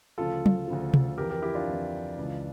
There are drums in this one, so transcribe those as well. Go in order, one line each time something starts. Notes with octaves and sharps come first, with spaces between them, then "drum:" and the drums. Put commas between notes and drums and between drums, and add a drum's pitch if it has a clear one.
D2 C#3 F3 F4 A4
drum: tom
D2 C#3 F3
drum: tom
F2 E3 G4 A#4
G4 A#4
E4 G4
D4 F4
F2 E3
C#2 C#3 E3